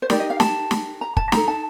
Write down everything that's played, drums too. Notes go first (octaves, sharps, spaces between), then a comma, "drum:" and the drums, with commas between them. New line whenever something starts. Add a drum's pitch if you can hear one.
C5
D#4 G4 A#4 D5, drum: snare
D#5
F5
A5, drum: snare
drum: snare
A#5
A5, drum: kick
D#4 A4 A#5, drum: snare
A5